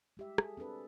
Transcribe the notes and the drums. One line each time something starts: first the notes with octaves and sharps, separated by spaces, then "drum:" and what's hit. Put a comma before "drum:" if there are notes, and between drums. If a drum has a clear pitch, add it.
G#3 G4 E5
G#4 A4, drum: rim click
C4 D4 A4 B4